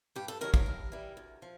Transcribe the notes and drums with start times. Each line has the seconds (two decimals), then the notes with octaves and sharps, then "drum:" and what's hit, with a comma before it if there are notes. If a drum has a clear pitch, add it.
0.16 G2 G4
0.28 A4
0.41 D#3 F#3 A#4
0.54 A#4, drum: kick
0.66 G2
0.92 E3 G3
1.17 D2
1.42 F3